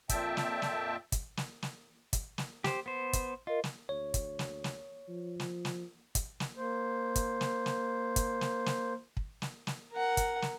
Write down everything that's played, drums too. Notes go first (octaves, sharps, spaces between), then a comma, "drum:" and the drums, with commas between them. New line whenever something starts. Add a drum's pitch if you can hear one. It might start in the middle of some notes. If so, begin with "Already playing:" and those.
F2 A#2 E5 G5 A5, drum: kick, hi-hat
drum: snare
drum: snare
drum: kick, hi-hat
drum: snare
drum: snare
drum: kick, hi-hat
drum: snare
G4 C5, drum: snare
B3 C5
drum: kick, hi-hat
F4 A#4 D#5
drum: snare
D2 C#5
drum: kick, hi-hat
drum: snare
drum: snare
F3
drum: snare
drum: snare
drum: kick, hi-hat
drum: snare
A#3 C5
drum: kick, hi-hat
drum: snare
drum: snare
drum: kick, hi-hat
drum: snare
drum: snare
drum: kick
drum: snare
drum: snare
A#4 F#5
drum: kick, hi-hat
drum: snare